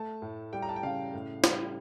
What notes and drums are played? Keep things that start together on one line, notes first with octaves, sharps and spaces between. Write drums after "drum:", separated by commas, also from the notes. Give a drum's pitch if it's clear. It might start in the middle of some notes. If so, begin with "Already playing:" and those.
Already playing: A3 A5
A2
G3 G5
A#5
A5
G5
C#3 F5
A2
G3, drum: snare